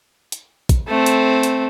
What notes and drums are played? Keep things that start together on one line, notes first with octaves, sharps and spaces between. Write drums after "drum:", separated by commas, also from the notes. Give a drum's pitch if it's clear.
drum: hi-hat
drum: kick, hi-hat
A3 C4
drum: hi-hat
drum: hi-hat